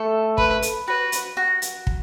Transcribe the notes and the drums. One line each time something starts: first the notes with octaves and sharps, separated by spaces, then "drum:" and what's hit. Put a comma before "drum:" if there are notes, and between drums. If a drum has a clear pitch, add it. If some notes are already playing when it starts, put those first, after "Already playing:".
Already playing: A3 A4
B4, drum: kick
drum: hi-hat
F#4 B4
drum: hi-hat
F#4
drum: hi-hat
drum: kick